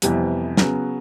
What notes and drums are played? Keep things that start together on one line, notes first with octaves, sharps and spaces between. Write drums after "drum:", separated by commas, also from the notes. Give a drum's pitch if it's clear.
F2 C3 E3 G3 B3, drum: hi-hat
C#3 F#3 B3, drum: snare